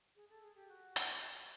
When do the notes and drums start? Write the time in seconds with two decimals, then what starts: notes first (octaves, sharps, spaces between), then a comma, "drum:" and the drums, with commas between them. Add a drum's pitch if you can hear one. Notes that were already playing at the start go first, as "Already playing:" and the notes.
0.15 G#4
0.29 A4
0.42 G#4
0.55 G4
0.68 F#4
0.96 drum: hi-hat